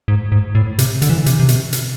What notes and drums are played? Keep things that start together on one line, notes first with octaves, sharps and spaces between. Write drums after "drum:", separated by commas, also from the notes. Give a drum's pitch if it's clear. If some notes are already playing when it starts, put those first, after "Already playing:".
G#2
G#2
A2
C3, drum: hi-hat
D3, drum: hi-hat
E3
D3
C3, drum: hi-hat
C3
B2, drum: hi-hat
drum: hi-hat